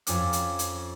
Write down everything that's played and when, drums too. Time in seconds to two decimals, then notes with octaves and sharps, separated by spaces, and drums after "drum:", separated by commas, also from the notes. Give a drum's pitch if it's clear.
0.07 F2 C#4 D6 F6, drum: hi-hat
0.33 drum: hi-hat
0.59 drum: hi-hat